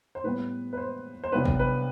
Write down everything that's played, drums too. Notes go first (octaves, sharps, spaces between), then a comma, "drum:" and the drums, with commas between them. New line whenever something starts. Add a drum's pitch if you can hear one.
C5
A2 G3 B3 B4
B4
C5
C5
C2 C3 F#3 B3 D4 B4
drum: kick
B4